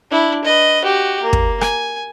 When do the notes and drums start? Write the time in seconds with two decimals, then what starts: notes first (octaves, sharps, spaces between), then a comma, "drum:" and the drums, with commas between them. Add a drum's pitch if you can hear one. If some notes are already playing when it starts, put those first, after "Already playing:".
0.11 D4 E4
0.45 B4 D#5
0.83 F#4 G4
1.22 A#3
1.33 drum: kick
1.61 G#5, drum: rim click